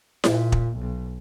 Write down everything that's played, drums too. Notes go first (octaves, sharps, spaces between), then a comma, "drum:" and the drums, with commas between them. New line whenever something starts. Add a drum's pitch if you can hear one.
A#2, drum: snare E4
drum: kick
B1